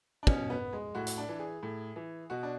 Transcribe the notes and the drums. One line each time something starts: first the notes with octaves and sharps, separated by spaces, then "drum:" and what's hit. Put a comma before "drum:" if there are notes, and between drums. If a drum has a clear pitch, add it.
D4
B2 C#4, drum: kick
B3
G#3
A2 F#4
drum: hi-hat
D4
E3
G#4
A2
E3
B2 F#4
D4